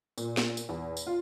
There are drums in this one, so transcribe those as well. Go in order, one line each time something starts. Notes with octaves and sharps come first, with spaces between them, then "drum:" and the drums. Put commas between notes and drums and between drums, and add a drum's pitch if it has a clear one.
A#2, drum: tambourine
drum: snare
drum: tambourine
E2
drum: tambourine
F4